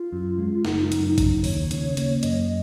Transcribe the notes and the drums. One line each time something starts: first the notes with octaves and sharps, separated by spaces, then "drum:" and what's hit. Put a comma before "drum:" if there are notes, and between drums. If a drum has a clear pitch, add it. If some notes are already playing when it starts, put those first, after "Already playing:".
Already playing: F4
F#2
G#3
F#1 D#4, drum: snare
F#2, drum: hi-hat
F#1, drum: kick G#1, hi-hat
D#2 C#5, drum: open hi-hat
C#3, drum: hi-hat
A#3, drum: hi-hat
F#2 D#5, drum: hi-hat